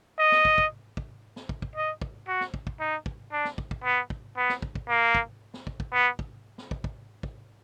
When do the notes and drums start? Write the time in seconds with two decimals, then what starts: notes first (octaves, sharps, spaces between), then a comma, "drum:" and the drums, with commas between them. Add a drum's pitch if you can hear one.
0.19 D#5
0.32 drum: snare
0.45 drum: kick
0.58 drum: kick
0.97 drum: kick
1.36 drum: snare
1.49 drum: kick
1.62 drum: kick
1.75 D#5
2.01 drum: kick
2.28 F#4
2.41 drum: snare
2.54 drum: kick
2.67 drum: kick
2.80 D#4
3.06 drum: kick
3.32 D4
3.45 drum: snare
3.58 drum: kick
3.71 drum: kick
3.84 B3
4.10 drum: kick
4.37 B3
4.49 drum: snare
4.62 drum: kick
4.75 drum: kick
4.89 A#3
5.15 drum: kick
5.54 drum: snare
5.67 drum: kick
5.80 drum: kick
5.93 B3
6.19 drum: kick
6.58 drum: snare
6.71 drum: kick
6.84 drum: kick
7.23 drum: kick